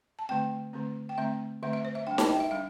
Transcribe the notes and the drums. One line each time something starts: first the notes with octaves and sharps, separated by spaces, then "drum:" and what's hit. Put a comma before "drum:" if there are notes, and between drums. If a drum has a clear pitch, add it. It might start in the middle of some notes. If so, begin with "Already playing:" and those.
A5
D3 A3 C4 G5
D3 A3 C4
G5
D3 A3 C4 E5
D3 A3 C4 E5
E5
C5
E5
G3 D4 G5
A5, drum: snare D#4
G5
E5
G3 D4 E5